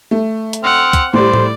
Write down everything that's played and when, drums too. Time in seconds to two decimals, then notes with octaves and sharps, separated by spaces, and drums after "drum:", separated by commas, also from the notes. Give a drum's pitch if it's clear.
0.11 A3
0.53 drum: hi-hat
0.64 C4 F#5 F6
0.93 drum: kick, hi-hat
1.13 A2 G3 C5 D5
1.34 drum: tom